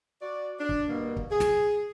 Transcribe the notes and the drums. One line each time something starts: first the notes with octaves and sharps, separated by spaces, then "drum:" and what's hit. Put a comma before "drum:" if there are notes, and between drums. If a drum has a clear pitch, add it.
F#4 D5
D4
drum: kick
G2 B2 A#3
drum: kick
G#4
drum: snare